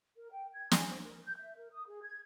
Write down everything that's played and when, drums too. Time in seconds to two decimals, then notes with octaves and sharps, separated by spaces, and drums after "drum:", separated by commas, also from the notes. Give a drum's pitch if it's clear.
0.17 A#4
0.32 G5
0.54 G#6
0.71 G#5, drum: snare
0.88 C5
1.03 A#4
1.24 G6
1.37 E5
1.56 A#4
1.72 D#6
1.87 G#4
2.02 G#6